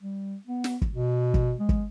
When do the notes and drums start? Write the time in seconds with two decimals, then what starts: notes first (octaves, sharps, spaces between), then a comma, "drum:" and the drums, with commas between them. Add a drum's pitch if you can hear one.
0.01 G3
0.47 B3
0.64 drum: snare
0.82 drum: kick
0.91 B2
1.34 drum: kick
1.60 G#3
1.69 drum: kick